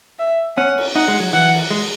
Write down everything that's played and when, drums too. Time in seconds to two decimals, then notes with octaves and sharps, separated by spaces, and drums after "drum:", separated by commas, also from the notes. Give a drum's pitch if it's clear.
0.19 E5
0.57 C#4 F#5
0.78 drum: cymbal
0.95 D#4 F#5
1.08 G#3
1.20 F#3
1.33 E3 F#5
1.54 drum: cymbal
1.71 G#3